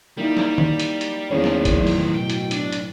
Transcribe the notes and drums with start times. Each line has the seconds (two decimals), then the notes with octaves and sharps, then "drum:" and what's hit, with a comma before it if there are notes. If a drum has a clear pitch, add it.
0.17 G3 A#3 D#4 E4
0.37 drum: snare
0.58 drum: tom D#3
0.80 drum: hi-hat
1.01 drum: hi-hat
1.31 E2 D#3 F3 A#3 C#4
1.44 drum: snare
1.65 drum: kick, hi-hat
1.75 F#1 A2
1.87 drum: open hi-hat
2.14 B2 G5
2.30 drum: hi-hat
2.51 D4, drum: hi-hat
2.72 drum: hi-hat